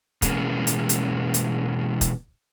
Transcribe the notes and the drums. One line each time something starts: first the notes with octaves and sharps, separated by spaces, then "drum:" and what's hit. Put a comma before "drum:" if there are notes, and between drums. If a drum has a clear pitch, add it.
B2 E3 G#3 A#3 B3 C#4, drum: kick, hi-hat
drum: hi-hat
drum: hi-hat
drum: hi-hat
drum: kick, hi-hat